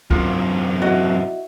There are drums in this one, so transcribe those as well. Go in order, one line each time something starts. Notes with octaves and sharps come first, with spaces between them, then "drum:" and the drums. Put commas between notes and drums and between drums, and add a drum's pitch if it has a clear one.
F#2 C3 F4, drum: kick C2
E4 F#4 D#5